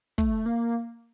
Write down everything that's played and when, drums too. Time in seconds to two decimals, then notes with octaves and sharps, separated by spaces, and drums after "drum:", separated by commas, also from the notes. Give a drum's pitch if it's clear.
0.18 A3, drum: kick
0.46 A#3